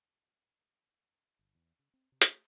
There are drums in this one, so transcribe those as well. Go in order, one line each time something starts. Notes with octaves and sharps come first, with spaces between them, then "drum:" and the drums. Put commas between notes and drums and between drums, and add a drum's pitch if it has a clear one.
G1
E2
C#3
C4
C3
drum: hi-hat
A3